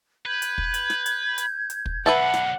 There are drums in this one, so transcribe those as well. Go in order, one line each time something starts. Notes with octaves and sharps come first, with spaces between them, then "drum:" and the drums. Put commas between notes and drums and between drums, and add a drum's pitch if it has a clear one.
B4 G6 G#6
drum: hi-hat
drum: kick
drum: hi-hat
drum: snare
drum: hi-hat
drum: hi-hat
drum: hi-hat
drum: kick
B1 D3 B4 E5 F#5 A5
drum: snare